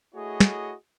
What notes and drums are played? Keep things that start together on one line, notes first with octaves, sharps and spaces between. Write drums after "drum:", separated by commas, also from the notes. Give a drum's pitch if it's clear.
A3 E4 F#4 G#4 C#5 D#5
drum: snare